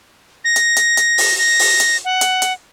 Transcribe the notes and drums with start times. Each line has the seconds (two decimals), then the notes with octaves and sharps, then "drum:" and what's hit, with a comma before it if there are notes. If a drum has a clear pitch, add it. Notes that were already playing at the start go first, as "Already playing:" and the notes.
0.44 A#6
0.56 drum: hi-hat
0.77 drum: hi-hat
0.97 drum: hi-hat
1.18 drum: open hi-hat
1.38 A#6
1.59 drum: open hi-hat
1.80 drum: hi-hat
2.05 F#5
2.21 drum: hi-hat
2.42 drum: hi-hat